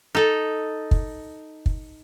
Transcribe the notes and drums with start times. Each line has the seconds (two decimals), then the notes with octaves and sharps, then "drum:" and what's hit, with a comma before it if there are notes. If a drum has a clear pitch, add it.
0.15 D#4 A4
0.91 drum: kick
1.66 drum: kick